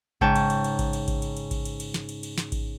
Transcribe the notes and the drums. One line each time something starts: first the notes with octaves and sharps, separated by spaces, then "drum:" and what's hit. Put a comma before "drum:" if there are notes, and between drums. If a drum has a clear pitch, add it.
G#2 C#3 D#4 C#5 G5 A5, drum: kick A1
drum: cymbal
drum: cymbal
drum: cymbal
drum: kick A1, cymbal
drum: cymbal
drum: kick A1, cymbal
drum: cymbal
drum: cymbal
drum: kick A1, cymbal
drum: cymbal
drum: cymbal
drum: snare
drum: cymbal
drum: cymbal
drum: snare
drum: kick A1, cymbal